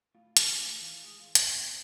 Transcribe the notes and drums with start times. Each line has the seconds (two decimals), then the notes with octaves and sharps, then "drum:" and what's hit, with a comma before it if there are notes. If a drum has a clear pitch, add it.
0.15 A2 F4
0.37 E3, drum: hi-hat
0.59 A2 F4
0.82 E3 F4
1.04 G#2 G#4
1.20 F4
1.27 E3
1.35 D4, drum: hi-hat
1.49 E2 C4